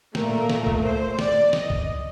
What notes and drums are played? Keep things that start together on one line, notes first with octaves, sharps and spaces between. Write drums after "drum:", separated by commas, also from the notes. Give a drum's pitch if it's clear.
A#2 A3 A#4, drum: snare
drum: snare
drum: kick
C5
D5, drum: snare
D#5, drum: snare
drum: kick